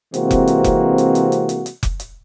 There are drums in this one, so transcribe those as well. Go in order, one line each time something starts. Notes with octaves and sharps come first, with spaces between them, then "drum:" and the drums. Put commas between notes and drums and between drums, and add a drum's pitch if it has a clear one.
C3 E3 G#3 A#3 C4 F#4, drum: hi-hat
drum: kick F1, hi-hat
drum: hi-hat
drum: kick F1, hi-hat
drum: hi-hat
drum: hi-hat
drum: hi-hat
drum: hi-hat
drum: hi-hat
drum: kick F1, hi-hat
drum: hi-hat